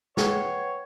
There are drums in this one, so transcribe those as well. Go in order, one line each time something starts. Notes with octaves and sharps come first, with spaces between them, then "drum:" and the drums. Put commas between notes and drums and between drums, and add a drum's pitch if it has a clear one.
B4 C#5 F#5 G5, drum: snare